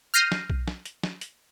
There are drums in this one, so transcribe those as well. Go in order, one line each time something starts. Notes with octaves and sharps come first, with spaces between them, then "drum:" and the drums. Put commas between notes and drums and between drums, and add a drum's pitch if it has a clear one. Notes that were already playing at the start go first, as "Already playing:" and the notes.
F6 G6 A#6 C7 D#7
drum: snare
drum: kick B1
drum: snare
drum: hi-hat
drum: snare
drum: hi-hat